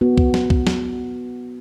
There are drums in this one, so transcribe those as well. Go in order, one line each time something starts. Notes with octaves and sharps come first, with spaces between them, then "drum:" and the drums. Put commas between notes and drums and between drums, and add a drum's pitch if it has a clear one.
B3 F#4
drum: kick C2
drum: snare
drum: kick C2
drum: snare